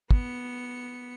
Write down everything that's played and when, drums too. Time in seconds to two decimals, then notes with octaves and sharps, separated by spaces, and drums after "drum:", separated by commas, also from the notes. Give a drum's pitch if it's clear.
0.11 B3 C#7, drum: kick